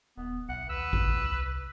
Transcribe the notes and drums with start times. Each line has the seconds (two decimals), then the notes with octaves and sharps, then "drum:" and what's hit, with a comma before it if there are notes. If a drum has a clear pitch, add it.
0.18 D#1 B3
0.49 B1 F#5
0.69 D#2 B4 E6
0.93 drum: kick A1
1.14 C2